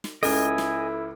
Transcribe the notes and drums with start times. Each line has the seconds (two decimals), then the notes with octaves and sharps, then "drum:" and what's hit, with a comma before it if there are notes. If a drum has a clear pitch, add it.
0.04 drum: snare
0.23 C#2 C#3 E4 A4 D#5 G#5, drum: open hi-hat
0.58 drum: snare